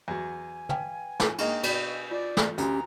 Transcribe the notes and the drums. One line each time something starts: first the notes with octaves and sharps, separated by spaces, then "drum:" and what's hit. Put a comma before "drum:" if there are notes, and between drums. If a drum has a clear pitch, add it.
E2 F#3 G#5
B4 F5 G5, drum: tom
drum: snare
G#3 A#3 D4 D#4 D#5, drum: cymbal
B2, drum: cymbal
F4 D5
drum: snare
D2 C#4 F#4 G4 A4 A#5, drum: hi-hat